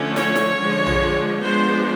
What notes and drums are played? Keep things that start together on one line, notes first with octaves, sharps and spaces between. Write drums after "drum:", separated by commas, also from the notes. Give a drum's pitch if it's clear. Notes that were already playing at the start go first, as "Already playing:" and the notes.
Already playing: D3 F3 A3 C#4
C#5, drum: snare
drum: snare
D3 F3 G#3
drum: tom A#1
F3 G#3 B3 D4 C5